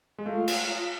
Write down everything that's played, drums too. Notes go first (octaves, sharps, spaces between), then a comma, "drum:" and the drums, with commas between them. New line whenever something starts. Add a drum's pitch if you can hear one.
G#3
A3 F4
drum: cymbal